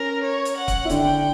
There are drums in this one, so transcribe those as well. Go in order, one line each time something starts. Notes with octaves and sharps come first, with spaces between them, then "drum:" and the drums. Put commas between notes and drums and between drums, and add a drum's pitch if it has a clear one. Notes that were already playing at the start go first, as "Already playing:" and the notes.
Already playing: C#4 A#4
C#5
drum: hi-hat
F#5
drum: kick, hi-hat
E4
D3 D4 G5, drum: hi-hat